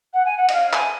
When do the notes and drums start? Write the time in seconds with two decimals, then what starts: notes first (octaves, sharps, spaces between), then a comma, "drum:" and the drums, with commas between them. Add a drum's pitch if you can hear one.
0.13 F#5
0.25 G#5
0.37 F#5
0.48 D#5, drum: cymbal
0.53 F5
0.73 G#5, drum: clap